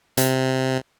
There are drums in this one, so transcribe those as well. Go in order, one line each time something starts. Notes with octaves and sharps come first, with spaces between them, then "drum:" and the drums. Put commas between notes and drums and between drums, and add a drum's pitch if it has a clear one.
C3, drum: hi-hat